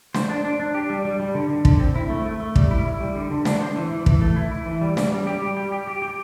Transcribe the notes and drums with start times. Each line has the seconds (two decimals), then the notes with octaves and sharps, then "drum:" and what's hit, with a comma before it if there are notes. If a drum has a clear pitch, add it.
0.14 C5, drum: snare
0.29 D4
0.44 D4
0.60 D4
0.75 G4
0.90 G3
1.05 G3
1.20 G3
1.35 D3
1.50 D3
1.65 D3, drum: kick
1.80 C4
1.96 E4
2.10 A3
2.25 A3
2.40 A3
2.56 G3, drum: kick
2.71 E4
2.85 E4
3.01 G3
3.15 D3
3.31 D3
3.45 D4, drum: snare
3.61 C5
3.76 E3
3.91 E3
4.06 E3, drum: kick
4.21 A3
4.36 E4
4.52 E4
4.66 E3
4.81 G3
4.97 G3, drum: snare
5.12 G3
5.27 G4
5.42 G3
5.57 G4
5.72 G4
5.87 G4
6.02 G4